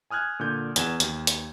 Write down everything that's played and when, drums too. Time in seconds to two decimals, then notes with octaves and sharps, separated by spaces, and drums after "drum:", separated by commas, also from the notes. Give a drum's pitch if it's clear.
0.10 G#5 D#6 F6 F#6 G#6
0.40 A#2 D3 G6 G#6
0.76 E2 G#6 E7, drum: hi-hat
1.00 D#2, drum: hi-hat
1.27 drum: hi-hat